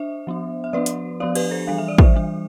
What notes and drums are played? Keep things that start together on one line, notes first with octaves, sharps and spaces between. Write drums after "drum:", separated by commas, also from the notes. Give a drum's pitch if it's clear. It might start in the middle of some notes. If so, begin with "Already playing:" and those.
Already playing: D4 C5 E5
F3 B3 D4
E5
F3 B3 D4 B4 D5
drum: hi-hat
F3 B3 D4 D5 F5
G4 B4, drum: cymbal
A4 C5
E3 G3 D4 F5
E5
D5
C5 E5, drum: kick
E3 G3 D4